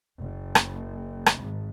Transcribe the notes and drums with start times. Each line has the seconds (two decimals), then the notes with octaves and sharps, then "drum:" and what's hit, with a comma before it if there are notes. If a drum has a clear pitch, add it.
0.20 F#1
0.55 drum: rim click
1.26 drum: rim click
1.38 G#1